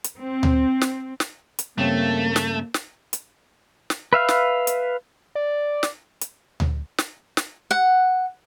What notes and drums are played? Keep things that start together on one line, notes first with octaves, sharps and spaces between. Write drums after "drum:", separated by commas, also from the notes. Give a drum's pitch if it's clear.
drum: hi-hat
C4
drum: tom D2
drum: snare
drum: snare
drum: hi-hat
G2 C#3 A3 A#3 C4
drum: snare
drum: snare
drum: hi-hat
drum: snare
B4 E5 F5 F6
drum: snare
drum: hi-hat
D5
drum: snare
drum: hi-hat
drum: tom D2
drum: snare
drum: snare
F#5